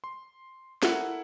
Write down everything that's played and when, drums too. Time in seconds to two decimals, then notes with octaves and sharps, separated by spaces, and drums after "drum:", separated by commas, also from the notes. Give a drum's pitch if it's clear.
0.04 C6
0.83 E4 A4 A#4 E5 F#5, drum: snare